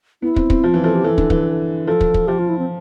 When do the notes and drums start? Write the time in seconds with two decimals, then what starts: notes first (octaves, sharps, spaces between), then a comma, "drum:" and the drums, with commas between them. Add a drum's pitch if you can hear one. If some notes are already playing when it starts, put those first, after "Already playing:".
0.22 B3 E4
0.36 C4, drum: kick
0.50 C4, drum: kick
0.64 F3 F4
0.74 E3
0.84 F3 A4
0.94 G4
1.04 E3 A4
1.18 D3, drum: kick
1.30 E3, drum: kick
1.86 F3 A4
2.01 drum: kick
2.14 drum: kick
2.27 F3 G4
2.38 F4
2.49 E4
2.58 C4